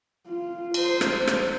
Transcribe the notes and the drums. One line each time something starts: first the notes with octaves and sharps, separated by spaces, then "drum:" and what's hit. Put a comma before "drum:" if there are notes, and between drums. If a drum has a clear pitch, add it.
F4
C5, drum: cymbal
drum: rim click
drum: rim click